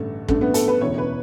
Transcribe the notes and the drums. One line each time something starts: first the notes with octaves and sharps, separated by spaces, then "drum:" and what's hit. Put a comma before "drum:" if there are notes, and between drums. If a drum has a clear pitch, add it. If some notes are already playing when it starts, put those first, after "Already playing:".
Already playing: A1 G2 D3 A3
A1 G2 D3 A3, drum: kick
B3
A4, drum: hi-hat
B4
E1 D2 C#3 E3 C#5
B4